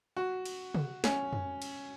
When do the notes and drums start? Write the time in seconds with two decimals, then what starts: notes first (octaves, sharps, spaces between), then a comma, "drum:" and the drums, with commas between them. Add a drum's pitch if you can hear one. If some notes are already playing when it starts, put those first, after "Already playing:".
0.17 F#4
0.45 drum: cymbal
0.75 drum: tom
1.04 C#4, drum: snare
1.33 drum: tom F2
1.62 drum: cymbal